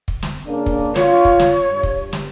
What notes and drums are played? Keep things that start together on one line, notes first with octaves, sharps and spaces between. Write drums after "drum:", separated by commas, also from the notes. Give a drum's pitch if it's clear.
drum: kick
drum: snare
C#3 A#3 D4
drum: kick
F4 C#5, drum: snare
drum: kick
drum: snare
G2
drum: kick
drum: snare